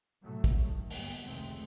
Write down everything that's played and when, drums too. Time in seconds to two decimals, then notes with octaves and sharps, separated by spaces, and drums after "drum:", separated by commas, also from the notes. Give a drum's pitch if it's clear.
0.22 A2 C3 F#3 A3
0.44 drum: kick, hi-hat
0.62 D#3
0.90 G1 D#2, drum: open hi-hat
1.26 F1 C#2 D#3 G#3 A3 C4